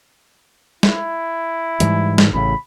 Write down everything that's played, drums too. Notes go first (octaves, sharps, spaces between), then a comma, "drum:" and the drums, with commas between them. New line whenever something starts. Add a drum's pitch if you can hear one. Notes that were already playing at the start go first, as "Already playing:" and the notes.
E4, drum: snare
G#2 E3 G3, drum: hi-hat
drum: snare
A1 A2 C#3 B5